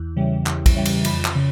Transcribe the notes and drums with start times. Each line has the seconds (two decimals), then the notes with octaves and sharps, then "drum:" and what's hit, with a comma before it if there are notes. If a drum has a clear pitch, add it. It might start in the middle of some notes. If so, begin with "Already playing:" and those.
Already playing: E2
0.16 C#3 E3 G3
0.46 E2, drum: clap
0.66 drum: kick, cymbal
0.76 C#3 E3 G3
0.85 drum: cymbal
1.05 F2 B5, drum: cymbal
1.25 drum: clap
1.35 C#3